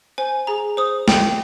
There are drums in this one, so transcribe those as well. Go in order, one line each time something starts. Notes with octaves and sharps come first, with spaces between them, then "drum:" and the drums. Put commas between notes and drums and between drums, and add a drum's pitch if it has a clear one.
C5 G#5
G#4 A#5
C5 D#6
G5, drum: snare